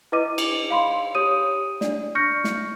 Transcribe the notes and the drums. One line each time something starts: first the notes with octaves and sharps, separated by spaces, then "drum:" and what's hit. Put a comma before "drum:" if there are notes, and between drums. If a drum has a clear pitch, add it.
E4 B4 D#5 D6 D#7
drum: cymbal
F5 B5 C6
G4 C#5 D#6 D#7
D4 D5, drum: snare
C#6 F6 G6 A#6 C#7
drum: snare